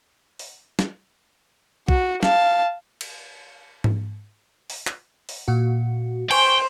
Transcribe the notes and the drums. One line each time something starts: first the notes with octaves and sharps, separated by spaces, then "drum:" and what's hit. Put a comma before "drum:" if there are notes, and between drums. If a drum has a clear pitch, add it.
drum: open hi-hat
drum: snare
F#4, drum: kick B1
F5 A5, drum: snare
drum: cymbal
drum: tom G#2
drum: open hi-hat
drum: clap
drum: open hi-hat
A#2 F#4
C5 G5 G#5 C#6, drum: cymbal